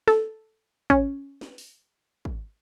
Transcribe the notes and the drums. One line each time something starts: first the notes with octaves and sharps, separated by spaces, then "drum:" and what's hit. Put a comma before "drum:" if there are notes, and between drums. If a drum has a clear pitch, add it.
A4, drum: snare
C#4, drum: kick
drum: snare
drum: open hi-hat
drum: kick